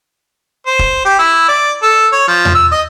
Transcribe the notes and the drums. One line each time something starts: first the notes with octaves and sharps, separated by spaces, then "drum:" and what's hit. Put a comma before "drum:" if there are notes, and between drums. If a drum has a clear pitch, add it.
C5
drum: kick
G4
E4
D5
A4
C#5
F3
drum: tom E2
E6
D#5